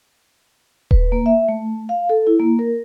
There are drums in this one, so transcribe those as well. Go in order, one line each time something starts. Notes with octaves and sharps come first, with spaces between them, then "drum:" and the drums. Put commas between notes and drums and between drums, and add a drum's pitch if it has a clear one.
B4, drum: kick D#1
A#3
E5
A3
F5
A4
E4
A#3
A#4